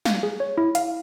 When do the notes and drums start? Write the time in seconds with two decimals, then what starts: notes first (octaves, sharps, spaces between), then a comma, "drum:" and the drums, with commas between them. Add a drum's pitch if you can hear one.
0.05 F5, drum: snare
0.23 G#4
0.40 C#5
0.58 E4
0.75 F5, drum: hi-hat